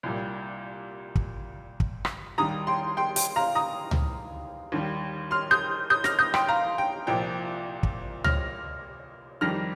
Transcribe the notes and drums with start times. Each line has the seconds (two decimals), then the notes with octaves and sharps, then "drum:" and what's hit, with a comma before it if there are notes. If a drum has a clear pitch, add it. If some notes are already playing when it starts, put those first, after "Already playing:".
0.03 C2 A#2 G3
1.15 drum: kick
1.80 drum: kick
2.05 drum: rim click
2.38 D#2 D#3 G3 A#5 D#6
2.67 G5 C6
2.97 G5 C6
3.16 G5, drum: hi-hat
3.36 F5 A#5
3.55 A#5 D#6
3.91 drum: tom C#2
4.72 D#2 D#3 G3
5.31 C6 F6
5.51 D#6 G6
5.90 D#6 G6
6.04 F6 A#6, drum: snare
6.19 D#6 G6
6.34 G5 C6, drum: rim click
6.48 F5 A#5
6.78 G5
7.07 C2 A#2 F3 G5
7.83 drum: kick
8.24 F6 A#6, drum: tom C#2
9.41 F2 D#3 G3 F6 A#6